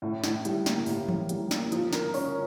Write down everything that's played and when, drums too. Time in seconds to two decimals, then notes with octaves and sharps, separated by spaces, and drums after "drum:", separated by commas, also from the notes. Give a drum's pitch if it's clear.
0.02 A2
0.24 A2, drum: snare
0.45 G3, drum: hi-hat
0.66 A#3, drum: snare
0.86 A2, drum: open hi-hat
1.09 A2, drum: tom E3
1.29 G3, drum: hi-hat
1.51 A#3, drum: snare
1.72 F3, drum: hi-hat
1.93 A#4, drum: snare
2.14 C#4, drum: open hi-hat